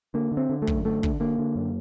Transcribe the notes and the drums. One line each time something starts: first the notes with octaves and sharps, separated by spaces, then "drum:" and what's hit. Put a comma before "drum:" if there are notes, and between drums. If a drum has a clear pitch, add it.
D3 A#3
D3
C4
D3
A3
F#2, drum: kick
D3 A3
D3, drum: kick
D3 A#3
D3
F#2